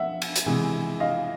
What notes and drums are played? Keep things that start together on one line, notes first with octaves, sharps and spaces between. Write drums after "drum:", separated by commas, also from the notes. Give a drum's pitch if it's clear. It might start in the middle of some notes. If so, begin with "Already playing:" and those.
Already playing: F3 E5 F#5
drum: cymbal
drum: hi-hat
C3 E3 G#3
D#5 F5